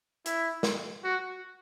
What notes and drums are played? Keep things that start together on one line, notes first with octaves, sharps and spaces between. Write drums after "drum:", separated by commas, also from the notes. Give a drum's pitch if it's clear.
E4, drum: hi-hat
drum: snare
F#4